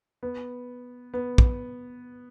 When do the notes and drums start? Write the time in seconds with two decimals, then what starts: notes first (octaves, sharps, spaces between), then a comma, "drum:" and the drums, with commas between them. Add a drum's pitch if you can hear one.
0.23 B3
1.14 B3
1.38 drum: kick